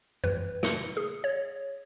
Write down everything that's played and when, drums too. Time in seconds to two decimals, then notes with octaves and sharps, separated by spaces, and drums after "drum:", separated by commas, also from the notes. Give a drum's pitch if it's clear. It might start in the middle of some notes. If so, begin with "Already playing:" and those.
0.24 B4, drum: tom F#2
0.63 C#7, drum: snare
0.97 G#4
1.24 C#5